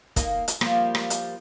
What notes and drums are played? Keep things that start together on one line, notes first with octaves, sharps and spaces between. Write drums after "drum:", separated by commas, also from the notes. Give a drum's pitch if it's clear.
A#3 D#4, drum: kick, hi-hat
drum: hi-hat
F3 G3 A#3, drum: rim click
drum: rim click
drum: hi-hat